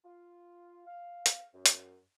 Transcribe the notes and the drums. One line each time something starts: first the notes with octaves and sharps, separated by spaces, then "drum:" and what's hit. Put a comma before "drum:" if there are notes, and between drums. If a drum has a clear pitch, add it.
F4
F5
drum: hi-hat
F#2
drum: hi-hat